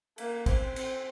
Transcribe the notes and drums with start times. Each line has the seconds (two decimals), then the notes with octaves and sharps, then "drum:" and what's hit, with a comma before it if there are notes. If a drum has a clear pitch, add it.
0.18 A#3, drum: cymbal
0.46 C4, drum: kick, cymbal
0.76 C4, drum: cymbal